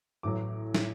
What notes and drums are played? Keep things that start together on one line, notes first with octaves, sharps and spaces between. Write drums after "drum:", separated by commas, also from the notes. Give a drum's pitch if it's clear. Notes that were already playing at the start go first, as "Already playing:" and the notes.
A1 A2 F#3 D6
A2 F#3, drum: snare